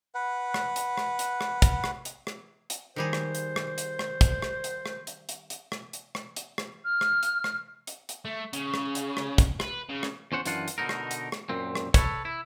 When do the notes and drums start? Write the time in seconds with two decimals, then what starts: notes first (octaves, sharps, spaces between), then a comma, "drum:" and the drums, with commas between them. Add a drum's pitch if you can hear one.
0.15 B4 F#5
0.54 drum: rim click
0.76 drum: hi-hat
0.97 drum: rim click
1.19 drum: hi-hat
1.41 drum: rim click
1.62 drum: kick, hi-hat
1.84 drum: rim click
2.05 drum: hi-hat
2.27 drum: rim click
2.70 drum: hi-hat
2.96 D#3 G3 G#4 C5
3.13 drum: rim click
3.35 drum: hi-hat
3.56 drum: rim click
3.78 drum: hi-hat
3.99 drum: rim click
4.21 drum: kick, hi-hat
4.42 drum: rim click
4.64 drum: hi-hat
4.86 drum: rim click
5.07 drum: hi-hat
5.29 drum: hi-hat
5.50 drum: hi-hat
5.72 drum: rim click
5.93 drum: hi-hat
6.15 drum: rim click
6.36 drum: hi-hat
6.58 drum: rim click
6.85 F6
7.01 drum: rim click
7.23 drum: hi-hat
7.44 drum: rim click
7.87 drum: hi-hat
8.09 drum: hi-hat
8.25 A3
8.53 C#3, drum: hi-hat
8.74 drum: rim click
8.95 drum: hi-hat
9.17 drum: rim click
9.38 drum: kick, hi-hat
9.60 B4, drum: rim click
9.90 C#3
10.03 drum: rim click
10.32 E2 C#4 C5 F#5
10.46 F#2 E3 D4 F4 F#5, drum: hi-hat
10.68 drum: hi-hat
10.78 B2 D3 D#4 A#4
10.89 drum: rim click
11.11 drum: hi-hat
11.32 drum: rim click
11.49 F#2 A#2 C4
11.75 drum: rim click
11.94 A4 B4 C#5, drum: kick, hi-hat
12.25 E4